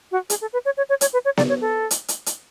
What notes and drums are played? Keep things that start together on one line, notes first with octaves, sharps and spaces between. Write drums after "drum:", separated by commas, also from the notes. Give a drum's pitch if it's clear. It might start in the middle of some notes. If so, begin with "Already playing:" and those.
F#4
G#4, drum: hi-hat
A4
B4
C#5
C#5
C#5
C#5, drum: hi-hat
B4
C#5
D5, drum: snare B3
C#5
A4
drum: hi-hat
drum: hi-hat
drum: hi-hat